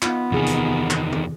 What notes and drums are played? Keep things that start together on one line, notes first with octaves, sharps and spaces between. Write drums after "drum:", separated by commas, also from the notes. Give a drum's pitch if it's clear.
B3 D#4 F4, drum: clap
E2 C3 D#3 G#4
drum: hi-hat
drum: clap
drum: tom D#3